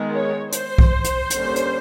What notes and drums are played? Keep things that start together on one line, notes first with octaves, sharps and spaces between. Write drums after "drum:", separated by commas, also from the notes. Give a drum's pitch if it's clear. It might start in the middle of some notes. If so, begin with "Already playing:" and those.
Already playing: D#3 G#3 B3
C#5
C5, drum: hi-hat
drum: kick B1
drum: hi-hat
D3 G3 A#3 C#4, drum: hi-hat
drum: hi-hat